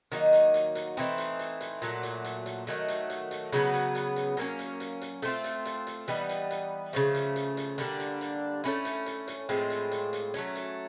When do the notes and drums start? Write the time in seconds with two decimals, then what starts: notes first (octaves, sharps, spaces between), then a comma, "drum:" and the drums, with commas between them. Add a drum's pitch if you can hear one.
0.12 D#3 F#3 A#3 D#4, drum: hi-hat
0.33 drum: hi-hat
0.54 drum: hi-hat
0.75 drum: hi-hat
0.97 E3 A3 C4 D#4, drum: hi-hat
1.18 drum: hi-hat
1.39 drum: hi-hat
1.61 drum: hi-hat
1.82 A#2 F#3 A3, drum: hi-hat
2.03 drum: hi-hat
2.24 drum: hi-hat
2.46 drum: hi-hat
2.67 D#3 F#3 A3, drum: hi-hat
2.88 drum: hi-hat
3.10 drum: hi-hat
3.31 drum: hi-hat
3.52 C#3 F#3 B3, drum: hi-hat
3.74 drum: hi-hat
3.95 drum: hi-hat
4.16 drum: hi-hat
4.37 F#3 A#3 C#4, drum: hi-hat
4.59 drum: hi-hat
4.80 drum: hi-hat
5.01 drum: hi-hat
5.22 A3 C4 F4, drum: hi-hat
5.44 drum: hi-hat
5.65 drum: hi-hat
5.87 drum: hi-hat
6.08 E3 G3 B3 D#4, drum: hi-hat
6.29 drum: hi-hat
6.51 drum: hi-hat
6.93 C#3 F3 A3, drum: hi-hat
7.15 drum: hi-hat
7.36 drum: hi-hat
7.57 drum: hi-hat
7.78 D3 G3 A#3 D4, drum: hi-hat
8.00 drum: hi-hat
8.21 drum: hi-hat
8.64 A3 C#4 E4, drum: hi-hat
8.85 drum: hi-hat
9.06 drum: hi-hat
9.28 drum: hi-hat
9.49 A2 F3 G#3 C4, drum: hi-hat
9.70 drum: hi-hat
9.92 drum: hi-hat
10.13 drum: hi-hat
10.34 F#3 A3 C#4, drum: hi-hat
10.55 drum: hi-hat